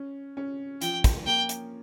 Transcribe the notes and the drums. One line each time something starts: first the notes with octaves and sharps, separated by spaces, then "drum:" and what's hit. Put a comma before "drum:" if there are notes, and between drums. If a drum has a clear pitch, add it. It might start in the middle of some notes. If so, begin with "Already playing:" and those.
Already playing: C#4
C#4
F3 G5, drum: hi-hat
drum: kick, hi-hat
A#3 G5
drum: hi-hat